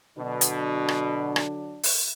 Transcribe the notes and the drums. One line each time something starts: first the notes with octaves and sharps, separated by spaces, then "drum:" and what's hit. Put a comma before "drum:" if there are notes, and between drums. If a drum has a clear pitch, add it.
B2 D3 F#3 D4
drum: hi-hat
drum: rim click
drum: rim click
drum: open hi-hat